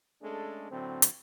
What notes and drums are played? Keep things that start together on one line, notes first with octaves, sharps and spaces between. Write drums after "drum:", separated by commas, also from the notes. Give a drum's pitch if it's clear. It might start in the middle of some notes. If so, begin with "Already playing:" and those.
G#3 A3 C#4 D4 G#4 A4
A2 D3 F#3 C4
drum: hi-hat